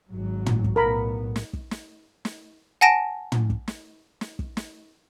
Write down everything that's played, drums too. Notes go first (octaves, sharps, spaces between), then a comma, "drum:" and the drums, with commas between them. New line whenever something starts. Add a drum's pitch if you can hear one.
G#1 F#3
drum: tom
drum: kick
B1 A2 B3 A#4 B5
drum: snare
drum: kick
drum: snare
drum: snare
F#5 G#5 A5 A#6 D7 E7
drum: tom
drum: kick
drum: snare
drum: snare
drum: kick
drum: snare